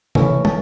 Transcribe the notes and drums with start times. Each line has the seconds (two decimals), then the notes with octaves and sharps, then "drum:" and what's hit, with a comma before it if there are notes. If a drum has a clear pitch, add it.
0.15 E3 A3 C#4, drum: tom C3
0.45 A5, drum: tom